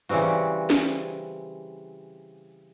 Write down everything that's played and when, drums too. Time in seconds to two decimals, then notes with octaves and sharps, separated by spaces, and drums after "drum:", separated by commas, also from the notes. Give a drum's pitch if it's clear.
0.09 C#3 E3 G3 C4 F#4, drum: open hi-hat
0.70 drum: snare